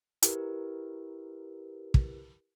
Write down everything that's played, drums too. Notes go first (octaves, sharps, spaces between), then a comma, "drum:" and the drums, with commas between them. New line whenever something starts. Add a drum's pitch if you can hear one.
E4 G4 A#4 B4, drum: hi-hat
drum: kick